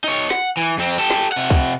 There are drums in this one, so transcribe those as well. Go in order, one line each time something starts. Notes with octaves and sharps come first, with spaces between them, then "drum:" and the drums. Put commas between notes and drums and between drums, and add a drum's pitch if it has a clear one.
D#4 C#5
F#5, drum: snare
E3
F2 C4
G4 A4
drum: snare
C3 F#5
drum: kick, hi-hat